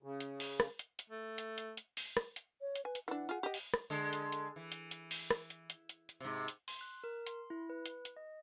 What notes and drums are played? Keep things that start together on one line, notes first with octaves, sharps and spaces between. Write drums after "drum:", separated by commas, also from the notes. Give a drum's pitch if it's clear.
C#3
drum: hi-hat
drum: open hi-hat
drum: rim click
drum: hi-hat
drum: hi-hat
A3
drum: hi-hat
drum: hi-hat
drum: hi-hat
drum: open hi-hat
drum: rim click
drum: hi-hat
C#5
drum: hi-hat
B4 G#5
drum: hi-hat
E3 D4 F#5
F4 G#4
G4 D#5
drum: open hi-hat
drum: rim click
D3 G#3 A4
drum: hi-hat
drum: hi-hat
E3
drum: hi-hat
drum: hi-hat
drum: open hi-hat
drum: rim click
drum: hi-hat
drum: hi-hat
drum: hi-hat
drum: hi-hat
G#2 C3
drum: hi-hat
C6, drum: open hi-hat
F#6
A#4
C6, drum: hi-hat
E4
B4
drum: hi-hat
drum: hi-hat
D#5